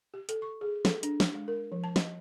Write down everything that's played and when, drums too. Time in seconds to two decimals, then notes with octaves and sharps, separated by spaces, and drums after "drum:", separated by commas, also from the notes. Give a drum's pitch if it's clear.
0.14 G4
0.29 A4, drum: hi-hat
0.42 C#6
0.61 G#4
0.85 A4, drum: snare
1.03 D4, drum: hi-hat
1.20 drum: snare
1.34 G#3
1.48 A#4
1.72 F3
1.84 A5
1.96 D#5, drum: snare